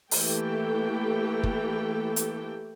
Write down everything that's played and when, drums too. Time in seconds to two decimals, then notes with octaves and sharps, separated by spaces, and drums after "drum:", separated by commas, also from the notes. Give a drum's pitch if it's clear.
0.11 E3 A3 A#3 G4 A4 G5, drum: open hi-hat
1.43 drum: kick
2.16 drum: hi-hat